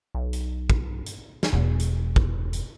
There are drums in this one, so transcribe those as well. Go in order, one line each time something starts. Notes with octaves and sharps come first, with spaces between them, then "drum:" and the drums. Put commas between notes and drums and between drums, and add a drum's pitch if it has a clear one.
B1
drum: hi-hat
drum: kick
drum: hi-hat
drum: snare
E1 E2 B3
drum: hi-hat
drum: kick
drum: hi-hat